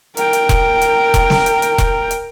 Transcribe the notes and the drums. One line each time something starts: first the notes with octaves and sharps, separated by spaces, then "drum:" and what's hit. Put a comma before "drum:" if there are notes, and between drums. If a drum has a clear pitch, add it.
A#4 G5, drum: hi-hat
drum: hi-hat
drum: kick E1, hi-hat
drum: hi-hat
drum: kick E1, hi-hat
drum: snare
drum: hi-hat
drum: hi-hat
drum: kick E1, hi-hat
drum: hi-hat